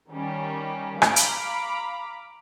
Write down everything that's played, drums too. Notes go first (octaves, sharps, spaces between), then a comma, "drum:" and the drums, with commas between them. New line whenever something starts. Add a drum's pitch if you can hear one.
D#3 G3 C#4
F5 A#5 B5 D6, drum: rim click
drum: hi-hat